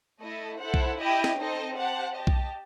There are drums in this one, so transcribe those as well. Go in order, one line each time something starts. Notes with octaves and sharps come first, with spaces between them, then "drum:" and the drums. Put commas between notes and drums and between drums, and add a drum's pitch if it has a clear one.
A3 E4 A4 D#5
E4 A4 C5 F#5
drum: kick B1
E4 G4 D#5 G5
drum: snare
C4 D#4 A4 C5 D#5
G4 C5 F#5 A5
G4 D#5 A5
drum: kick B1